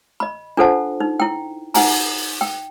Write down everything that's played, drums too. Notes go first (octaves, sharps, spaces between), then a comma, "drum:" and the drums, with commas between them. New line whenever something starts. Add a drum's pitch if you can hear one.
D#5 B5
D4 F4 A4 C5 F#5 A5
D#4
E4 G5
D#4 F#5 G#5 A#5, drum: open hi-hat
G5